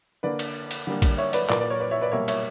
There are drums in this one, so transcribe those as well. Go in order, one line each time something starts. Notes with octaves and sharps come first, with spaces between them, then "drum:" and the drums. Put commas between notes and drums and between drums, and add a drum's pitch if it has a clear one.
D3 A#3 B4 D5
drum: cymbal
drum: cymbal
D3 G3 A#3
drum: kick, cymbal
C#5 E5
B4 D5, drum: cymbal
A#2 A#3 B4 D5, drum: clap
B4 D5
A#4 C#5
B4 D5
C#5 E5
B4 D5
B2 G3 A#3 C#5 E5
C#5 E5, drum: cymbal